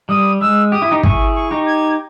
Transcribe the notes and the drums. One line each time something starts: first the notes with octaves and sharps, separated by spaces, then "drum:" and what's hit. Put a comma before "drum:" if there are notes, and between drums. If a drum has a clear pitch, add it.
G3 D#6
G#3 E6
G4 D#6
E4
D#4 G4
E4 G#4 C#6, drum: kick
C#6
D#4 G4
G#6